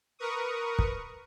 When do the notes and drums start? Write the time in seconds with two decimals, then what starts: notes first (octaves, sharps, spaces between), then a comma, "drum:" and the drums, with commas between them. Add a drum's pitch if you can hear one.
0.19 A#4 B4 C#6 D#6
0.79 drum: kick